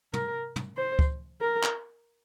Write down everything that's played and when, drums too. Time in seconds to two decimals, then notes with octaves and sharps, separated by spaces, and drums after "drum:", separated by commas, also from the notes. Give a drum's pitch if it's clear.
0.13 A#4, drum: tom
0.56 drum: tom
0.77 C5
0.99 drum: kick C#2
1.41 A#4
1.63 drum: clap